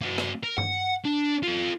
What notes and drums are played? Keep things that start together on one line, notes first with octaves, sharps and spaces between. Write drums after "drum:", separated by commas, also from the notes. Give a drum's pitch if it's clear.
A#3 F#4
drum: rim click
A#4
F#5, drum: tom G2
D4
F4 A4